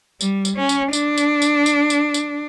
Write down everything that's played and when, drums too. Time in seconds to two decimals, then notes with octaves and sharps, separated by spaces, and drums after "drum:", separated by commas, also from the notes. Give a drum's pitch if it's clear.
0.21 G3, drum: tambourine
0.45 drum: tambourine
0.57 C#4
0.69 drum: tambourine
0.93 D4, drum: tambourine
1.18 drum: tambourine
1.42 drum: tambourine
1.66 drum: tambourine
1.90 drum: tambourine
2.14 drum: tambourine